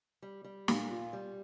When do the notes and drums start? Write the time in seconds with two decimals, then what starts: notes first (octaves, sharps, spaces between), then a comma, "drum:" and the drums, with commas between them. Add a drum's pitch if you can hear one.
0.22 G3
0.44 G3
0.68 A#2, drum: snare
0.90 F4
1.13 G3